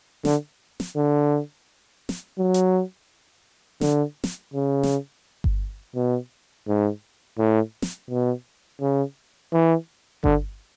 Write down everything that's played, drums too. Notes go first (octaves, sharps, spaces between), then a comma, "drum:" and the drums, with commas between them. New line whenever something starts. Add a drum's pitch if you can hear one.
D3, drum: snare
drum: snare
D3
drum: snare
F#3
drum: hi-hat
D3, drum: snare
drum: snare
C#3
drum: snare
drum: kick G1
B2
G#2
A2
drum: snare
B2
C#3
E3
D3, drum: kick G1